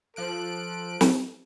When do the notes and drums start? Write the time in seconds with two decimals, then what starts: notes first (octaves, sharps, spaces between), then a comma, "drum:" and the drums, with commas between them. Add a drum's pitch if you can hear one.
0.16 F3 A4 F#6 D7
1.01 drum: snare